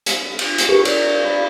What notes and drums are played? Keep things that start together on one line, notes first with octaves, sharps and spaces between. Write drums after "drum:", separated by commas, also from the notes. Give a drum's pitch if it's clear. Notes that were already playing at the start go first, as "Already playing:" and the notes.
drum: hi-hat
drum: cymbal
drum: hi-hat
G4 G#4 A#4 B4 C#6
A#4 C#5 D5 G6, drum: cymbal
D5 B5